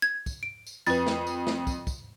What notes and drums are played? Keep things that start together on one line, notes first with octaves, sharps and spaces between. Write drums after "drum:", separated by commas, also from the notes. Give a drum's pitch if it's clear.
G#6
drum: kick, tambourine
D7
drum: tambourine
F2 B4 A6, drum: tambourine
drum: snare
drum: tambourine
drum: snare
drum: kick, tambourine
drum: kick, tambourine